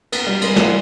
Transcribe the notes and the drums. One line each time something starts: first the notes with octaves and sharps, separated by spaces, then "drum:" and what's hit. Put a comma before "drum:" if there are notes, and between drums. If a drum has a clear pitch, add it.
B3, drum: cymbal
G3
G#3, drum: cymbal
drum: snare